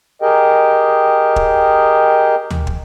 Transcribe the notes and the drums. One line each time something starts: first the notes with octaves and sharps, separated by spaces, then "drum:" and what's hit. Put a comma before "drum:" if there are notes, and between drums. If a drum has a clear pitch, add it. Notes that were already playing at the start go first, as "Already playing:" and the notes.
G4 G#4 A#4 D#5 G5
drum: kick
drum: tom D2
drum: kick